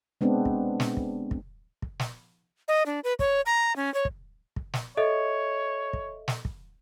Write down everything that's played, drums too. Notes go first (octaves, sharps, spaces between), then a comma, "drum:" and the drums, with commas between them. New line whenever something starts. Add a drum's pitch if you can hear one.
G#3 B3 C4 D4
drum: kick
drum: snare
drum: kick
drum: kick
drum: kick
drum: snare
D#5
D4
B4
C#5, drum: kick
A#5
C#4
C#5
drum: kick
drum: kick
drum: snare
A4 C#5 D#5 E5
drum: kick
drum: snare
drum: kick